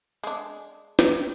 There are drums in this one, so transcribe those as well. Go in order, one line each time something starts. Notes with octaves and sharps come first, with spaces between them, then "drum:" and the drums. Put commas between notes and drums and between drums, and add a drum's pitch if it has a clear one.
G#3 D4
drum: snare